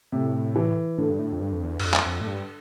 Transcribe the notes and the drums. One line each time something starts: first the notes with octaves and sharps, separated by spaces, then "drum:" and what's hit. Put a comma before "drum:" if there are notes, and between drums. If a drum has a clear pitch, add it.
A2 C3
E3
A2 D3
G2
A2
F2
G2
F2
E2
G2, drum: cymbal
F2
drum: clap
F2
A2
G2